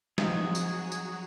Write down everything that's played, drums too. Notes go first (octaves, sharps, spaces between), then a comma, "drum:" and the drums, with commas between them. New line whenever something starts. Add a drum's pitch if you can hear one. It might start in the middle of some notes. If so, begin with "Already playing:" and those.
F3 F#3 C4 D#4 F4 G#4, drum: snare
drum: tambourine
drum: tambourine